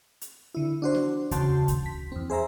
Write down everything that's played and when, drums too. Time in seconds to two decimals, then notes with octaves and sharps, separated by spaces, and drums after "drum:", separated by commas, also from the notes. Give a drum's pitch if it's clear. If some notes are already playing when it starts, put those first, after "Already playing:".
0.21 drum: hi-hat
0.55 D3 E4
0.82 D4 F#4 C5
0.95 drum: snare B3
1.31 E2 C#3 F#4 A5 C6 G6, drum: kick D2, hi-hat
1.68 drum: kick D2, hi-hat
1.86 B6
2.12 E2 C4
2.30 G#4 C5 E5 A#5